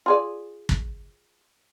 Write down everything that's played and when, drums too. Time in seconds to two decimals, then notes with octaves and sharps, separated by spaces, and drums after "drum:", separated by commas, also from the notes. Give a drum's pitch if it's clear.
0.06 F4 G#4 D5
0.69 drum: kick